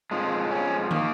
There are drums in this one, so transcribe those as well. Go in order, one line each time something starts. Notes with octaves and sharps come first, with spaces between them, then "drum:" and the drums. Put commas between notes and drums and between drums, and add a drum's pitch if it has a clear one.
F2 F3 G#3
C#4
D#3 A#3, drum: tom